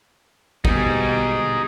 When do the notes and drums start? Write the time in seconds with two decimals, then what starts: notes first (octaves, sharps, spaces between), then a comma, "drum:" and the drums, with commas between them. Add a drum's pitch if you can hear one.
0.65 B2 G3 D#4 G#4, drum: kick A1